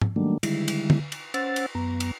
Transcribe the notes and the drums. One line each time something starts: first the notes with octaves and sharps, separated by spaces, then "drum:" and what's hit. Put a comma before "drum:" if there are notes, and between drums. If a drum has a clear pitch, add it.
drum: tom G#2
D#3 F#3 G3 A3 A#3 D4
D3 D#3 G3 G#3 E4, drum: cymbal
drum: cymbal
drum: tom
drum: cymbal
C#4 C5 F#5 E6 A6, drum: cymbal
drum: cymbal
F#2 B3 A#5
drum: cymbal